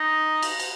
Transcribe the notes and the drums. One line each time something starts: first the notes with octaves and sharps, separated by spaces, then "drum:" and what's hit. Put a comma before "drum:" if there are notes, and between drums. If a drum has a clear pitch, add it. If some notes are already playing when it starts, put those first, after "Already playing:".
Already playing: D#4
drum: cymbal
drum: cymbal